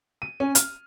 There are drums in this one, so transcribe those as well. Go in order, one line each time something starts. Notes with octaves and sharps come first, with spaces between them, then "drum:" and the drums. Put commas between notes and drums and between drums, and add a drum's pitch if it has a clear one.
D#7
C#4
F6, drum: hi-hat